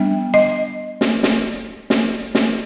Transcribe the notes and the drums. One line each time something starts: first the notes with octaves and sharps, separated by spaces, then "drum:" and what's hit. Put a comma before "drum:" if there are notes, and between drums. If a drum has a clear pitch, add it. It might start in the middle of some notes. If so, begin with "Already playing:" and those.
Already playing: G3 B3 D4
D#5
drum: snare
drum: snare
drum: snare
drum: snare